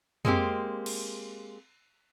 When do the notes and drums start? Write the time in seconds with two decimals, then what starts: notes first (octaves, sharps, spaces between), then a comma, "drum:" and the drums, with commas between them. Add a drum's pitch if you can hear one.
0.25 G#3 A#3 C4 G4, drum: tom F2
0.86 drum: cymbal